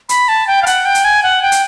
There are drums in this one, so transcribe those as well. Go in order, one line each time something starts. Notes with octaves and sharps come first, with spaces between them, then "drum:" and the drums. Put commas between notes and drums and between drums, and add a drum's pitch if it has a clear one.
B5, drum: hi-hat
A5
G5
F5
F#5, drum: hi-hat
G5
drum: hi-hat
G#5
F#5
G5
drum: hi-hat